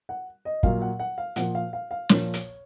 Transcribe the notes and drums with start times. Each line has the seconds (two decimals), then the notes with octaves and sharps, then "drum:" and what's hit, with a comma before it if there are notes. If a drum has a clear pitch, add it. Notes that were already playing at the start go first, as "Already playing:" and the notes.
0.09 F#5
0.45 D#5
0.63 A#2 F#3 F5, drum: kick
0.82 F#5
1.00 F#5
1.18 F5
1.36 A#2 F3 F#5, drum: hi-hat
1.55 F5
1.73 F5
1.91 F5
2.09 A#2 F3 C#5, drum: snare
2.34 drum: hi-hat